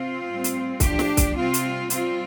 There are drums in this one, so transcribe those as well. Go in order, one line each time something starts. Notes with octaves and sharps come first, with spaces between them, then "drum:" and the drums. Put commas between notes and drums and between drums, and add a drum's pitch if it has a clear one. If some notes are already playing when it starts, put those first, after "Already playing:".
Already playing: C3 C4 F4
A2 G3
drum: hi-hat
A2 F3 D4 G4, drum: kick C2, hi-hat
drum: snare
drum: kick C2, hi-hat
C3 G3 C4 F4
drum: hi-hat
C3 G3 C4 F4, drum: hi-hat